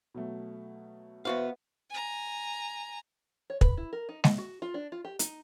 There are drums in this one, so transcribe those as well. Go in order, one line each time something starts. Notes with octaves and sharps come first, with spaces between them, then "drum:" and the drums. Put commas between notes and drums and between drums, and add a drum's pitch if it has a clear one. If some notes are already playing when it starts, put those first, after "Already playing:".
B2 F#3 A3
B3 F#4 B4 C5 E5 F5 C#6
G#5 A#5
C#5
B4, drum: kick
E4
A#4
D#4
D#5, drum: snare
F#4
F4
D4
F4
G4
D#4, drum: hi-hat